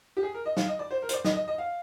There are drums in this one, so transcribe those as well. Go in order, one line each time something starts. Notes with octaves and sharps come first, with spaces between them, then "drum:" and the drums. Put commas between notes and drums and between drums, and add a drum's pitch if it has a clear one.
G4
G#4
A#4
D#5
F5, drum: snare
D#5
D5
C5
A#4
C5, drum: hi-hat
D5
D#5, drum: snare
D#5
D#5
F5